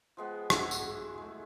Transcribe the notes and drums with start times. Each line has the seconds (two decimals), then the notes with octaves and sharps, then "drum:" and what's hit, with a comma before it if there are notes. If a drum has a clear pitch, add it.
0.17 F3 G#3 B3 G4
0.50 G#3 E4 F#4, drum: rim click
0.71 drum: tambourine
1.18 G#3 A3